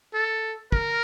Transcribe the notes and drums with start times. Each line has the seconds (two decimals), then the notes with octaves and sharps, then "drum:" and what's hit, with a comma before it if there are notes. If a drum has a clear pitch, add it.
0.14 A4
0.72 A#4, drum: kick